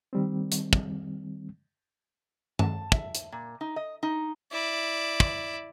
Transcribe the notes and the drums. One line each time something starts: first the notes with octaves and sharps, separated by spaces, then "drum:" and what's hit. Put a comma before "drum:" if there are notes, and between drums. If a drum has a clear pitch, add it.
D#3 G3 C4
drum: hi-hat
drum: kick
A5, drum: tom G2
E5, drum: kick
drum: hi-hat
A#2
D#4
D#5
D#4
E4 D5
drum: kick